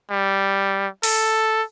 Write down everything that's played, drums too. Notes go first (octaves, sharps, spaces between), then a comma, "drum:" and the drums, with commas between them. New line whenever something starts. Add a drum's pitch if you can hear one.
G3
A4, drum: open hi-hat